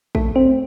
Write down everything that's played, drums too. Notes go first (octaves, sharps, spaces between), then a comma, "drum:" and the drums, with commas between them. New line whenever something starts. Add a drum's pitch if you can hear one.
A3, drum: kick A#1
C4